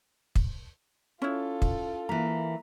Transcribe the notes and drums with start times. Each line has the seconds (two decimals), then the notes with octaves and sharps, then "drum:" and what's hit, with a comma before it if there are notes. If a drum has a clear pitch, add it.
0.36 drum: kick
1.22 C#4 E4 F4 A4
1.62 drum: kick
2.09 E3 A#3 A#5 B6